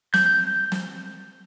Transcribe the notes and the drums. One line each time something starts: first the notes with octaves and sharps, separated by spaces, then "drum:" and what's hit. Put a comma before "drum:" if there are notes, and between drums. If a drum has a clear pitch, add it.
G6, drum: snare
drum: snare